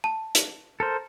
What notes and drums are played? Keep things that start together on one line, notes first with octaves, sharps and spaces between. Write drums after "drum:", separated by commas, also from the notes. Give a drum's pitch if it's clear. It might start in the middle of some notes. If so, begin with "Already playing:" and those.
A5
drum: hi-hat
A4 A#4 C5